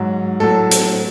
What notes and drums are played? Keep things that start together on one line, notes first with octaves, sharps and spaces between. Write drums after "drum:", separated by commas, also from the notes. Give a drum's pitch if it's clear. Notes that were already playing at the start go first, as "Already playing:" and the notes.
Already playing: G#2 F#3
A2 F#3 A4
drum: hi-hat